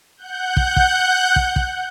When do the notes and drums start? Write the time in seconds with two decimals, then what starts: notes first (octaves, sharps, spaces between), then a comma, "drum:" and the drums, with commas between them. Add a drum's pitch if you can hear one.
0.17 F#5 F#6 G6
0.57 drum: kick
0.76 drum: kick
1.36 drum: kick
1.56 drum: kick